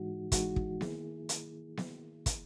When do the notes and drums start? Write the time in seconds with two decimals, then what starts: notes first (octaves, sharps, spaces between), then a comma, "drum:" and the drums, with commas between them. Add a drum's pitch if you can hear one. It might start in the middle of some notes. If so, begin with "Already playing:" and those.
Already playing: G#2 E3 G#3 D#4 F#4
0.32 G#2 E3 G#3 D#4 F#4, drum: kick, hi-hat
0.56 drum: kick
0.81 D#3 A#3 E4 G#4, drum: snare B3
1.29 drum: hi-hat
1.77 drum: snare B3
2.26 drum: kick, hi-hat